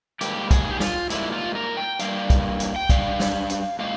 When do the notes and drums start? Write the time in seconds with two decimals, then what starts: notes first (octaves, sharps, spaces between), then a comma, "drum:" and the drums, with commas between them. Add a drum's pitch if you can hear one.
0.21 G#2 G3 A#3 G4, drum: hi-hat
0.51 G#4, drum: kick, hi-hat
0.71 G4
0.80 F4, drum: snare
1.10 G#2 G3 A#3 E4, drum: hi-hat
1.32 F4
1.55 A#4
1.77 G5
1.99 G2 G3 A#3 F5, drum: hi-hat
2.30 drum: kick, hi-hat
2.60 drum: hi-hat
2.76 G5
2.90 G2 G3 F5, drum: kick, hi-hat
3.20 drum: snare
3.50 drum: hi-hat
3.79 A#2 G#3 F5